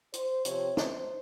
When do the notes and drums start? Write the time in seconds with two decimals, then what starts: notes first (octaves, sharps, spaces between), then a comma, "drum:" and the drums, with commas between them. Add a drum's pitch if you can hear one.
0.14 C5, drum: hi-hat
0.45 C3 F3 C4 C#5, drum: hi-hat
0.77 C5, drum: snare